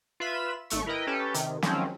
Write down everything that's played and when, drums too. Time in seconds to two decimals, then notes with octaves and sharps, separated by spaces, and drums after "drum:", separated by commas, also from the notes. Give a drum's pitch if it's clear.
0.20 F4 B4 E5 B5 E7
0.70 G#1 A3 C#6, drum: hi-hat
0.86 E4 A#4 B4 D#5 G5
1.07 C#4 G4 A4 B4
1.34 C3 D#3, drum: hi-hat
1.62 D#3 F3 F#3 G#3 C4 C#4, drum: snare